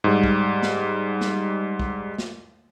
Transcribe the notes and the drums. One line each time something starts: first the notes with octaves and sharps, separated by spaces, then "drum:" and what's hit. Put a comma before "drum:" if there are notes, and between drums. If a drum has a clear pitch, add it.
G#2 G3
drum: kick
drum: snare
drum: snare
drum: kick
drum: snare